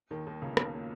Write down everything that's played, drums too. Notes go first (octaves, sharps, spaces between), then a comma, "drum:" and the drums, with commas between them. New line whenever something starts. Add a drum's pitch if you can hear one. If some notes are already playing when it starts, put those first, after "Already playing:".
D#2 D#3
D#2 D#3
C#2 C#3
C#3
B1 B2, drum: rim click
A#2